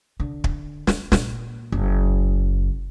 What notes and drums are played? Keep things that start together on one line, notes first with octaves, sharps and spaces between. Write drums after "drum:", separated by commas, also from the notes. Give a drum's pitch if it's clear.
D3
drum: kick
drum: snare
A#2, drum: snare
F#1